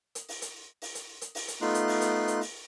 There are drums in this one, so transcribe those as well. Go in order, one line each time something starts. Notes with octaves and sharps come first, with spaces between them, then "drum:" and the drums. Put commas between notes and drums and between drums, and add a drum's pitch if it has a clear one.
drum: hi-hat
drum: open hi-hat
drum: hi-hat
drum: open hi-hat
drum: hi-hat
drum: hi-hat
drum: open hi-hat
drum: hi-hat
A3 B3 D#4 F4 C6 F#6
drum: hi-hat
drum: open hi-hat
drum: hi-hat
drum: hi-hat
drum: open hi-hat